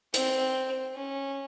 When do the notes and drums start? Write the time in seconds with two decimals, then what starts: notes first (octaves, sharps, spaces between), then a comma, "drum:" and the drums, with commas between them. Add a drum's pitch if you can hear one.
0.14 C4, drum: hi-hat
0.94 C#4